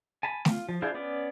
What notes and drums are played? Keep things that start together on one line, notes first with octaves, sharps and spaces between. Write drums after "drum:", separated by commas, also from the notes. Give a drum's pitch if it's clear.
G#5 A5 B5
F4, drum: snare
F3
D4 E4 F4 G#4 C5
B3 C#4 D5